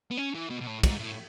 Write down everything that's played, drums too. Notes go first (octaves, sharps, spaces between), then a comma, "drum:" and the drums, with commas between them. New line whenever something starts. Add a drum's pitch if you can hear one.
B3
C#4
E3
B2
B2
A2
G#2, drum: kick, cymbal
A2